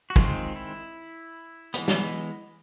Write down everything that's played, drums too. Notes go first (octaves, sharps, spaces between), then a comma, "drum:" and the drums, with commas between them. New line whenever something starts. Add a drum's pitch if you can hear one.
F#4
D#3 G#3 C4 F4, drum: kick
E4
E3 G#3 B3, drum: hi-hat
drum: snare